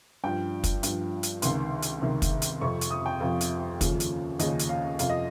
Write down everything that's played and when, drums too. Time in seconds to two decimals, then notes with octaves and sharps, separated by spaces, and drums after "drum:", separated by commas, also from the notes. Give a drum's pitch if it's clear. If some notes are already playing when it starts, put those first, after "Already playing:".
0.24 G2 F3 G5
0.64 drum: kick, hi-hat
0.83 G2 F3, drum: hi-hat
1.23 drum: hi-hat
1.42 C#2 C3 D#3 C6, drum: hi-hat
1.82 drum: hi-hat
2.01 C#2 C3 D#3
2.22 drum: kick, hi-hat
2.42 drum: hi-hat
2.61 F2 C3 F3 C#6
2.81 drum: hi-hat
2.91 D#6
3.06 G5
3.20 F2 C3 F3 F5
3.41 drum: hi-hat
3.81 D#2 C#3 F3, drum: kick, hi-hat
4.00 drum: hi-hat
4.39 D#2 C#3 F3 D#5, drum: hi-hat
4.59 drum: hi-hat
4.69 F5
4.99 F2 C3 F3 F5, drum: hi-hat
5.10 D#5